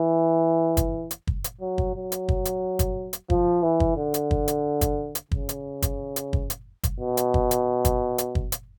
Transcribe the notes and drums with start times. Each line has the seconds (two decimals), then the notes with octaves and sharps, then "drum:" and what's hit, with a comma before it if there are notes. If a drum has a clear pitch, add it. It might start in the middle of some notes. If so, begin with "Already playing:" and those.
Already playing: E3
0.77 drum: kick, hi-hat
1.11 drum: hi-hat
1.27 drum: kick
1.44 drum: hi-hat
1.61 F#3
1.78 drum: kick
1.95 F#3
2.12 drum: hi-hat
2.29 drum: kick
2.45 drum: hi-hat
2.79 drum: kick, hi-hat
3.13 drum: hi-hat
3.30 F3, drum: kick
3.63 E3
3.80 drum: kick
3.97 D3
4.14 drum: hi-hat
4.31 drum: kick
4.48 drum: hi-hat
4.81 drum: kick, hi-hat
5.15 drum: hi-hat
5.32 C#3, drum: kick
5.49 drum: hi-hat
5.82 drum: kick, hi-hat
6.16 drum: hi-hat
6.33 drum: kick
6.50 drum: hi-hat
6.84 drum: kick, hi-hat
7.00 B2
7.17 drum: hi-hat
7.34 drum: kick
7.51 drum: hi-hat
7.85 drum: kick, hi-hat
8.18 drum: hi-hat
8.35 drum: kick
8.52 drum: hi-hat